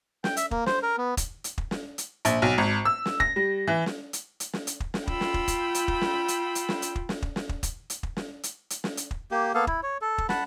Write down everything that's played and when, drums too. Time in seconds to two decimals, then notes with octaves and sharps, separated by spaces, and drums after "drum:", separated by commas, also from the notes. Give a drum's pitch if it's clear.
0.24 G5, drum: snare
0.37 E5, drum: hi-hat
0.51 A#3, drum: kick
0.66 C5, drum: snare
0.83 A#4
0.98 B3
1.17 drum: kick, hi-hat
1.44 drum: hi-hat
1.58 drum: kick
1.71 drum: snare
1.98 drum: hi-hat
2.25 A#1, drum: hi-hat
2.42 B1
2.58 G#1
2.85 E6
3.06 drum: snare
3.20 A#6, drum: kick
3.36 G3
3.67 E3
3.86 drum: snare
4.13 drum: hi-hat
4.40 drum: hi-hat
4.53 drum: snare
4.67 drum: hi-hat
4.80 drum: kick
4.94 drum: snare
5.07 F4 G5 B5 E6, drum: kick
5.21 drum: snare
5.34 drum: kick
5.48 drum: kick, hi-hat
5.75 drum: hi-hat
5.88 drum: kick
6.01 drum: snare
6.28 drum: hi-hat
6.55 drum: hi-hat
6.69 drum: snare
6.82 drum: hi-hat
6.96 drum: kick
7.09 drum: snare
7.22 drum: kick
7.36 drum: snare
7.49 drum: kick
7.63 drum: kick, hi-hat
7.90 drum: hi-hat
8.03 drum: kick
8.17 drum: snare
8.43 drum: hi-hat
8.70 drum: hi-hat
8.84 drum: snare
8.97 drum: hi-hat
9.11 drum: kick
9.31 A#3 G4
9.55 A#3 B3 A4 F5
9.67 E4, drum: kick
9.83 C#5
10.02 A4
10.18 drum: kick
10.29 F#5 A5 B5, drum: snare